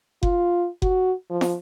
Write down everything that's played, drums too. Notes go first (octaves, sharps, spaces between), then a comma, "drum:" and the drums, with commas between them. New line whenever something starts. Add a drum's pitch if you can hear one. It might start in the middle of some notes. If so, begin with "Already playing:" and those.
F4, drum: kick F#1
F#4, drum: kick F#1
F3
drum: snare